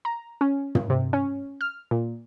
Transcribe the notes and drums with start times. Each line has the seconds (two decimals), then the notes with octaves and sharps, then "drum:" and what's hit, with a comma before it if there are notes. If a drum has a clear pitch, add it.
0.05 A#5
0.41 C#4
0.75 drum: tom
0.90 C3
1.13 C#4
1.61 F6
1.91 A#2